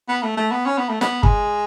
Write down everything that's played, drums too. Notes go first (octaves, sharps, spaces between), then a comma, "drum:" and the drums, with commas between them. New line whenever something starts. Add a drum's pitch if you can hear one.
B3
A3
A3
B3
C#4
B3
A3
B3, drum: snare
G#3, drum: kick G1